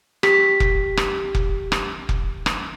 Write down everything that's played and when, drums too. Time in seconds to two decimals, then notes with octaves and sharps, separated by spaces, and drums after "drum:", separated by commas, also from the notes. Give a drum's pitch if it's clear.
0.23 G4 B6, drum: rim click
0.60 drum: kick F1
0.97 drum: rim click
1.35 drum: kick F1
1.72 drum: rim click
2.09 drum: kick F1
2.46 drum: rim click